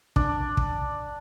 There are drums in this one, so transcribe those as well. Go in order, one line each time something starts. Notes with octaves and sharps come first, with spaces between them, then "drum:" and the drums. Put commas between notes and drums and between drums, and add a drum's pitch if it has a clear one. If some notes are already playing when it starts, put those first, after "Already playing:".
D4, drum: kick
drum: kick